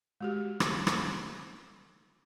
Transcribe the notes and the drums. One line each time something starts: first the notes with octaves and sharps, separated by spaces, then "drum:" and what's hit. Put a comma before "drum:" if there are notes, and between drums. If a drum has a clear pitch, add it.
G#3 F#4 G4
drum: rim click
drum: rim click